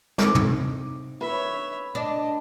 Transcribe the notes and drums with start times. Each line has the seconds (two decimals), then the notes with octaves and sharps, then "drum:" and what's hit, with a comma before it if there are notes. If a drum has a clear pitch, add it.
0.18 C4 D#4 D6, drum: snare
0.35 drum: tom
1.21 B4 C#5 E5
1.95 D4 D#5